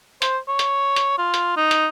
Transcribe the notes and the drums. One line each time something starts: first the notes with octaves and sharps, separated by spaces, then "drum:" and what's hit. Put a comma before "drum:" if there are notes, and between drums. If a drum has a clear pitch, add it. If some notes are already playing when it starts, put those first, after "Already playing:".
C5, drum: hi-hat
C#5
drum: hi-hat
drum: hi-hat
F4
drum: hi-hat
D#4
drum: hi-hat